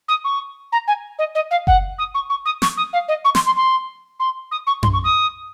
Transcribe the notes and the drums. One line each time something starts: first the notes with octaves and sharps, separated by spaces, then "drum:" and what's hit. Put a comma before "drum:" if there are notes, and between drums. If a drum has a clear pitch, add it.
D#6
C#6
A#5
G#5
D#5
D#5
F5
F#5, drum: kick F#1
D#6
C#6
C#6
D#6
C#6, drum: snare
D#6
F5
D#5
C#6
C6, drum: snare
C6
C6
C6
D#6
C#6
C6, drum: tom F#2
C#6
D#6